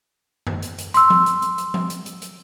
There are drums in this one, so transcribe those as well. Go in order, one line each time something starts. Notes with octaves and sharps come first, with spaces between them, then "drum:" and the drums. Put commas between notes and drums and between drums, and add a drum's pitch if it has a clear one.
drum: tom F#2
drum: hi-hat
drum: hi-hat
C6 E6, drum: hi-hat
drum: tom F3
drum: hi-hat
drum: hi-hat
drum: hi-hat
drum: tom F3
drum: hi-hat
drum: hi-hat
drum: hi-hat